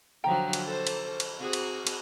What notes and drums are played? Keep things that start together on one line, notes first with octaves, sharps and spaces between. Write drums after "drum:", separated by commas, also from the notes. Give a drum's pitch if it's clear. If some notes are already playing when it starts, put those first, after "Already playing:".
D3 F3 F#3 G5 A#5
drum: cymbal
A4 C5
drum: cymbal
drum: cymbal
C4 F#4 G#4
drum: cymbal
drum: cymbal